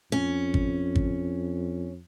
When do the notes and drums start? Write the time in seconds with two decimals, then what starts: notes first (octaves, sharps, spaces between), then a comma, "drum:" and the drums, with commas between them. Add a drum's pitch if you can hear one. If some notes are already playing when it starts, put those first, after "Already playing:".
0.12 F2 C#4
0.54 drum: kick
0.95 drum: kick